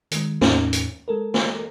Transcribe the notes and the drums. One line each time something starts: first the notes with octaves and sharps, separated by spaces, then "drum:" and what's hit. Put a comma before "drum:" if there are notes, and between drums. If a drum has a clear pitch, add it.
D#3 G#3, drum: hi-hat
E2 A2 C#4 D#4, drum: snare
drum: hi-hat
G#3 A4 A#4
drum: snare